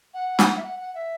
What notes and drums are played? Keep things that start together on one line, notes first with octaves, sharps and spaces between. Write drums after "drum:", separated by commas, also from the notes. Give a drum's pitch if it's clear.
F#5
drum: snare
E5
F#5
F#5
E5